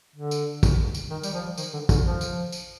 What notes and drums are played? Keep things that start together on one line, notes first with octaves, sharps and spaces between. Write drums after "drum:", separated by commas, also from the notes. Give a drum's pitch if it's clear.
D3
drum: tambourine
drum: kick, tambourine
drum: tambourine
D#3
G3, drum: tambourine
F3
D#3, drum: tambourine
D3
D3, drum: kick, tambourine
F3
drum: tambourine
drum: tambourine